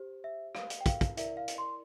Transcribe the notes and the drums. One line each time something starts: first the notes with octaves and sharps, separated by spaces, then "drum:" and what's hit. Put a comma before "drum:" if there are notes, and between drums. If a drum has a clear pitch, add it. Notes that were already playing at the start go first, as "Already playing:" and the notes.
Already playing: G4 C5
E5
F5, drum: rim click
drum: hi-hat
G5
F5, drum: kick, hi-hat
drum: kick, hi-hat
E4 A#4 D5 E5, drum: hi-hat
F5
drum: hi-hat
C6